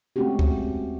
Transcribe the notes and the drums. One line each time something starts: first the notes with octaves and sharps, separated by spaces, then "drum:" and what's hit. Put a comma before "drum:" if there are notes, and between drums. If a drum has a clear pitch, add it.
G#3 A3 C4 C#4 F#4 G4
drum: kick